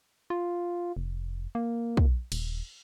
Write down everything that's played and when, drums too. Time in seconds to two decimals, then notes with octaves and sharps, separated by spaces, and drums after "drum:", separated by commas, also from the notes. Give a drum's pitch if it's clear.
0.30 F4
0.97 F1
1.55 A#3
1.97 drum: kick
2.32 D#1, drum: cymbal